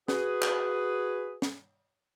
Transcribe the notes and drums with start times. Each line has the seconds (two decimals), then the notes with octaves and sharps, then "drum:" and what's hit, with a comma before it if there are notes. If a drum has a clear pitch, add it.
0.08 F#4 G#4 B4, drum: snare C#4
0.42 drum: clap
1.42 drum: snare C#4